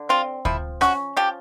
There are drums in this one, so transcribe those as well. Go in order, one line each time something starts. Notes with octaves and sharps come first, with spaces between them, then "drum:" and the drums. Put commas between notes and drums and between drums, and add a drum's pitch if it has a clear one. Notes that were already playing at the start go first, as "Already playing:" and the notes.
Already playing: D3
C4 F4
F3 E4, drum: kick D2
C#4 F#4, drum: rim click
F3 G4